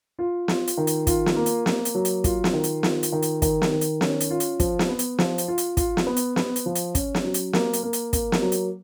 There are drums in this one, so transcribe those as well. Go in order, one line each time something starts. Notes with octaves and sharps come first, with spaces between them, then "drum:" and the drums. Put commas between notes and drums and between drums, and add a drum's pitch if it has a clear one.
F4
F4, drum: snare
drum: hi-hat
D#3
drum: hi-hat
F4, drum: kick, hi-hat
drum: snare
A#3
drum: hi-hat
A#3, drum: snare
drum: hi-hat
F#3
drum: hi-hat
F4, drum: kick, hi-hat
drum: snare
D#3
drum: hi-hat
F4, drum: snare
drum: hi-hat
D#3
drum: hi-hat
D#3, drum: kick, hi-hat
drum: snare
D#3
drum: hi-hat
C#4, drum: snare
drum: hi-hat
F4
drum: hi-hat
F3, drum: kick, hi-hat
drum: snare
B3
drum: hi-hat
F3, drum: snare
drum: hi-hat
F4
drum: hi-hat
F4, drum: kick, hi-hat
drum: snare
B3
drum: hi-hat
B3, drum: snare
drum: hi-hat
F3
drum: hi-hat
C#4, drum: kick, hi-hat
drum: snare
F#3
drum: hi-hat
A#3, drum: snare
drum: hi-hat
A#3
drum: hi-hat
A#3, drum: kick, hi-hat
drum: snare
F#3
drum: hi-hat